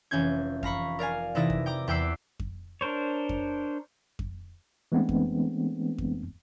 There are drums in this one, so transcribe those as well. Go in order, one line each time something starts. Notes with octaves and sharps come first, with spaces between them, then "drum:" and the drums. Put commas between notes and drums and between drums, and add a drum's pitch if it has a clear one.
F1 E3 C#4 G6 G#6
F5 A#5 B5 C#6, drum: kick F2
A#4 D5 F5 G#5
C3 E3 D#4 E4 D5 A#6
drum: kick F2
G5 A#5 D6
E2 B4 G5 D6 E6 C7
drum: kick F2
D4 A#4 C5 C#5
drum: kick F2
drum: kick F2
E3 G#3 A3 B3 C4 D4
drum: kick F2
drum: kick F2